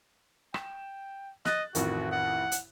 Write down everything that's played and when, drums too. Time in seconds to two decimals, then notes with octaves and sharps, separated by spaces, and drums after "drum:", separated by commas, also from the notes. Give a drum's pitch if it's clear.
0.54 G5 E7, drum: rim click
1.45 D#5 F#6 A6, drum: snare
1.75 A1 F2 D#3 F#4, drum: hi-hat
2.12 F#5
2.52 drum: hi-hat